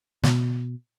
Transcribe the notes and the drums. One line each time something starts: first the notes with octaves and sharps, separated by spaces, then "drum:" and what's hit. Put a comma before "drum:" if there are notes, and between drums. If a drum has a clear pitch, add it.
B2, drum: snare